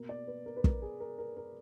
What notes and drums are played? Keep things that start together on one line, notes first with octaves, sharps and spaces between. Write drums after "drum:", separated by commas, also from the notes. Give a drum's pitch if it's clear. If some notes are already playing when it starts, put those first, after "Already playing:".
Already playing: B2 A#3 A#4
D5
B4
A#4
B4
A#4, drum: kick
G#4
A#4
A#4
A#4